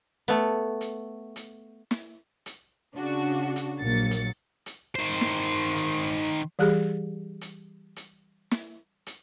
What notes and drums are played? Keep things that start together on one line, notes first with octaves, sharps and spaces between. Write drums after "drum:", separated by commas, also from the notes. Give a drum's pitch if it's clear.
A3 B3
drum: hi-hat
drum: hi-hat
drum: snare
drum: hi-hat
C#3 D4 F#4
drum: hi-hat
A#1 F#3 A#3 A6 C#7
drum: hi-hat
drum: hi-hat
D#3 C5
drum: snare
drum: hi-hat
E3 G3 G4 G#4
drum: hi-hat
drum: hi-hat
drum: snare
drum: hi-hat